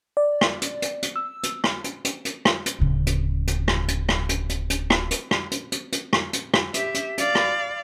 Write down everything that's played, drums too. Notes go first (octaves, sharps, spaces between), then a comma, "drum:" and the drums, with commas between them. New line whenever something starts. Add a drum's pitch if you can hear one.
D5
drum: rim click
drum: hi-hat
drum: hi-hat
drum: hi-hat
E6
drum: hi-hat
drum: rim click
drum: hi-hat
drum: hi-hat
drum: hi-hat
drum: rim click
drum: hi-hat
D1 C#3
drum: hi-hat
drum: hi-hat
drum: rim click
drum: hi-hat
drum: rim click
drum: hi-hat
drum: hi-hat
drum: hi-hat
drum: rim click
drum: hi-hat
drum: rim click
drum: hi-hat
drum: hi-hat
drum: hi-hat
drum: rim click
drum: hi-hat
drum: rim click
G4 E5, drum: hi-hat
drum: hi-hat
D5 F5, drum: hi-hat
drum: rim click